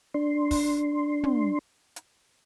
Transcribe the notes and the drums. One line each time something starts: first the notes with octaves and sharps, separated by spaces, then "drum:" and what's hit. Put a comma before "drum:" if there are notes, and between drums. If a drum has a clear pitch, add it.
D4 C6
drum: kick, open hi-hat
drum: tom
drum: hi-hat